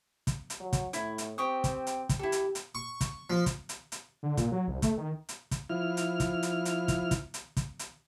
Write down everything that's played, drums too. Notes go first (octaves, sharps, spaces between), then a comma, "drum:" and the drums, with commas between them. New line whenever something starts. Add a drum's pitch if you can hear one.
drum: kick, hi-hat
drum: hi-hat
F#3
drum: kick, hi-hat
A2 E4, drum: hi-hat
drum: hi-hat
C4 G4 C#6 D#6
drum: kick, hi-hat
drum: hi-hat
drum: kick, hi-hat
E4 G4 A4
drum: hi-hat
drum: hi-hat
C#6
drum: kick, hi-hat
F3
drum: kick, hi-hat
drum: hi-hat
drum: hi-hat
D3
A#2, drum: kick, hi-hat
F#3
C2
A3, drum: kick, hi-hat
D#3
drum: hi-hat
drum: kick, hi-hat
F3 E4 F6
drum: hi-hat
drum: kick, hi-hat
drum: hi-hat
drum: hi-hat
drum: kick, hi-hat
drum: kick, hi-hat
drum: hi-hat
drum: kick, hi-hat
drum: hi-hat